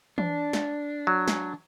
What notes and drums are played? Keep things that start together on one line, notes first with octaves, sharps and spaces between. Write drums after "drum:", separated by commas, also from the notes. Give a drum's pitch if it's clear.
D4, drum: tom E3
drum: snare
F#3
drum: snare